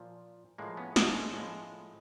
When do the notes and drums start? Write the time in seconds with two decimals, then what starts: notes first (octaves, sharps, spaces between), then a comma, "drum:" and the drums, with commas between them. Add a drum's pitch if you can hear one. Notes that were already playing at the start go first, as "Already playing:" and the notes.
Already playing: A#2 F3
0.58 A2 F3 G#3 A#3
0.77 B3 C#4
0.96 A3 B3, drum: snare
1.14 G#3
1.33 A2 F3 G#3